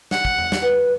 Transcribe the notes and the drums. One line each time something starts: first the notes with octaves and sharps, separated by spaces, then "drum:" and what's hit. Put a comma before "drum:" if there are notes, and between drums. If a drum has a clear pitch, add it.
F#5, drum: snare
drum: kick
drum: tom E2
drum: snare
B4